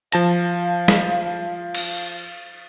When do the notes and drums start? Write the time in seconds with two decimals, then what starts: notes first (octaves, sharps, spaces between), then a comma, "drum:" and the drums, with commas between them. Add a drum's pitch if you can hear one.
0.12 F3 F5 A5 A#6, drum: hi-hat
0.88 drum: snare
1.74 drum: cymbal